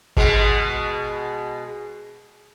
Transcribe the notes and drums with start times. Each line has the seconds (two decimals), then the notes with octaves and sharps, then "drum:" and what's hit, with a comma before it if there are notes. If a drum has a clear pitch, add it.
0.17 B2 G#3, drum: kick G#1